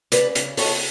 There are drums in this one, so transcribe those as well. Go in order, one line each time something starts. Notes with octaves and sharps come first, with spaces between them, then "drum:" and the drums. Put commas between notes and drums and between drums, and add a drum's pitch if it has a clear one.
C#3 B4 D5, drum: hi-hat
C#3, drum: hi-hat
B3 A4 C#5, drum: open hi-hat